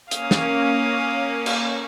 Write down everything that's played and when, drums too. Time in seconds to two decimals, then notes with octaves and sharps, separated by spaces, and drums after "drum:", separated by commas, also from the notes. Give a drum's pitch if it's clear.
0.11 A#3 C#4 F5 D#6, drum: hi-hat
0.31 drum: snare
1.46 drum: cymbal